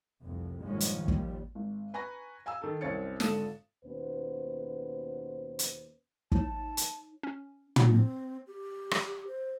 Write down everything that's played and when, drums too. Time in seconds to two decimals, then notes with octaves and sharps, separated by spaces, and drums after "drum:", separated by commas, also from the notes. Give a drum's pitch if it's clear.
0.22 F1 C2 F2 C3
0.62 A#1 G2 D#3 F3 G#3 C#4
0.80 drum: hi-hat
1.08 D#2 A#2 G3, drum: kick
1.55 G#1
1.94 B4 G#5 A#5 C#6 A#6
2.46 F5 G#5 A#5 E6
2.62 D#3 A4
2.81 C2 F#2 C4 C#5 A6 C#7
3.20 G#1 D3 A4 D#6 E7, drum: snare
3.84 D#2 B2 C#4 B4 C5
5.59 drum: hi-hat
6.32 D#4 C#5 A5, drum: kick
6.77 drum: hi-hat
7.23 C#4
7.76 drum: tom
7.92 C4
8.47 G4
8.91 drum: rim click
9.27 C5